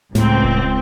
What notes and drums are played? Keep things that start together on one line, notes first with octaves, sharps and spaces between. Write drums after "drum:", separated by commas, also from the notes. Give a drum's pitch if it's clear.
C#2 A2 C4, drum: snare
drum: kick D1